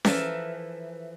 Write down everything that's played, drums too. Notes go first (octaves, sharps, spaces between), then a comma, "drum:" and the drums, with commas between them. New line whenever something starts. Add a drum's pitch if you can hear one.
E3 F3 A4 A#4 E5 A5, drum: snare C#4